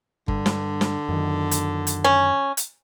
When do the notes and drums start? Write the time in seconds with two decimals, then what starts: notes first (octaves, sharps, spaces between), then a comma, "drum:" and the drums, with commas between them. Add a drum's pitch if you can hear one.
0.28 G2 D3, drum: kick G1
0.46 drum: snare
0.81 drum: snare
1.09 F#2 D#3
1.51 drum: hi-hat
1.87 drum: hi-hat
2.04 C#4
2.57 drum: hi-hat